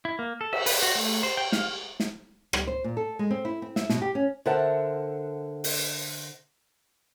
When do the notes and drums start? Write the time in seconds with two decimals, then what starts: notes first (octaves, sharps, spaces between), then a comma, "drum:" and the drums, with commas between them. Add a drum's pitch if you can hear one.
0.05 E4
0.19 A#3
0.41 A4
0.53 E5, drum: cymbal
0.66 B4, drum: open hi-hat
0.82 F#4
0.95 A3
1.23 C5
1.37 G5
1.52 F5, drum: snare
2.00 drum: snare
2.53 G3, drum: rim click
2.67 C5
2.84 A#2
2.97 A4
3.19 G#3
3.31 C4
3.45 E4
3.62 C4
3.76 E5, drum: snare
3.89 B2, drum: snare
4.02 G4
4.15 C#4
4.46 D3 A#4 C5 E5 F#5 A5
5.64 drum: open hi-hat